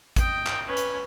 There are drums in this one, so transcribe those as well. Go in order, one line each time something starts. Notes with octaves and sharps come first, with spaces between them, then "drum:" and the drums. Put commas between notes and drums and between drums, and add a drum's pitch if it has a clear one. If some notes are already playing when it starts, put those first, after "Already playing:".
D#5 G5, drum: kick, hi-hat
drum: clap
C#4 B4
drum: hi-hat